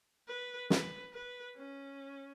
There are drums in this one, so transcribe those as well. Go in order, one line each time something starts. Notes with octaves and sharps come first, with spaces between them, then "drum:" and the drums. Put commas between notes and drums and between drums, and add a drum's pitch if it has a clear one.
B4
B4, drum: snare
B4
C#4